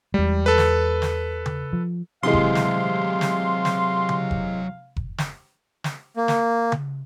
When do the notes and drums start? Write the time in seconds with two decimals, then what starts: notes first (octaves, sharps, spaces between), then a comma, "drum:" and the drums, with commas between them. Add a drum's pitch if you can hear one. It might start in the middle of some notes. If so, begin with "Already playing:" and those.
0.14 E2 G3 G#3
0.46 A4 B4
0.58 drum: snare
1.02 drum: snare
1.46 drum: tom C#3
1.73 F3
2.23 C3 E3 F#3 G#3 C5 F5 C6
2.33 drum: kick F1
2.55 drum: snare
3.21 drum: snare
3.65 drum: snare
4.09 drum: tom C#3
4.31 drum: kick F1
4.96 drum: kick F1
5.18 drum: snare
5.84 drum: snare
6.17 A#3
6.28 drum: snare
6.72 drum: tom C#3